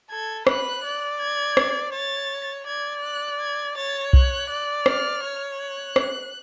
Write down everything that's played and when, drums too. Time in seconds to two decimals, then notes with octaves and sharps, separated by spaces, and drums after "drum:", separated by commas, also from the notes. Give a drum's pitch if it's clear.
0.11 A4 G#6
0.47 B4 F#6, drum: rim click
0.84 D5
1.20 G#6
1.57 drum: rim click
1.93 C#5 A6
2.67 D5 G#6
3.03 F#6
3.40 G#6
3.76 C#5 A6
4.13 F#6, drum: kick B1
4.50 D5
4.86 F6, drum: rim click
5.23 C#5
5.59 F#6
5.96 drum: rim click